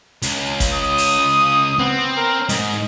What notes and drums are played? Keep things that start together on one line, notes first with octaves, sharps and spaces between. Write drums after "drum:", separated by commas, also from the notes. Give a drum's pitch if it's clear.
C#2, drum: hi-hat
drum: kick, hi-hat
D#6
drum: open hi-hat
B3 C4
A#4
G#2 D#5, drum: hi-hat